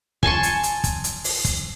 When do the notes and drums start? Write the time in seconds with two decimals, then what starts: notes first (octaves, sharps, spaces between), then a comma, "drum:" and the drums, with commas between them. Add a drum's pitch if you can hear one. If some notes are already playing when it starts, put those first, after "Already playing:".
0.23 G#5 A5 C6 C#6, drum: kick
0.43 drum: hi-hat
0.63 drum: hi-hat
0.84 drum: kick, hi-hat
1.04 drum: hi-hat
1.24 drum: open hi-hat
1.45 drum: kick, hi-hat